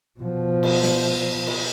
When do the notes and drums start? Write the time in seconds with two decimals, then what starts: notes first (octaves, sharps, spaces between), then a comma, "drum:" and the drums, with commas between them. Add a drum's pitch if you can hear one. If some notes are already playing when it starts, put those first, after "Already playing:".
0.20 B2 F3
0.63 drum: cymbal
0.83 drum: snare
1.47 drum: cymbal